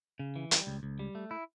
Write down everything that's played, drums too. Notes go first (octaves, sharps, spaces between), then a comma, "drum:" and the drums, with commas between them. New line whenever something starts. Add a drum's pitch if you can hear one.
C#3
E3
G3, drum: hi-hat
C#2
C#2
G3
A3
E4